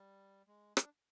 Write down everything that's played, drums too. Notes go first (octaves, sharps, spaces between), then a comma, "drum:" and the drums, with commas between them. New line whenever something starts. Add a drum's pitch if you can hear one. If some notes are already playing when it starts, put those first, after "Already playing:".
Already playing: G3
G#3
D4, drum: rim click